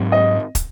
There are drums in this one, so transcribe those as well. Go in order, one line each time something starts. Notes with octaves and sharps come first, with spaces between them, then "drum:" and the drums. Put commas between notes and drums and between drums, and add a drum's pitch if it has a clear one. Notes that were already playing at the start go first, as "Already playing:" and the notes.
Already playing: G#2 F#3 C4
D#5
drum: kick, hi-hat